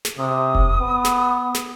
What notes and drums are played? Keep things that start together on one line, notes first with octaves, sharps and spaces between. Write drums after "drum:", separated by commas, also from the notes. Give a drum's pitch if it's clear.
drum: snare
C3 D#6
drum: kick F1
B3
drum: snare
drum: snare